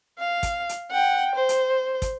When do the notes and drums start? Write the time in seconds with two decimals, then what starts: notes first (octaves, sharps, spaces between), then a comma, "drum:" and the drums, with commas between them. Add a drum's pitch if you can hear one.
0.19 F5
0.43 drum: kick, hi-hat
0.69 drum: hi-hat
0.91 F#5 G5
1.36 C5
1.49 drum: hi-hat
2.02 drum: kick, hi-hat